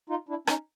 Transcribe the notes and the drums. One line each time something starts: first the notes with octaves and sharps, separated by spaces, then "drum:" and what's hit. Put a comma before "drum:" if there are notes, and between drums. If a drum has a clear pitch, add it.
D#4 F4
D4 E4
C#4 D#4, drum: rim click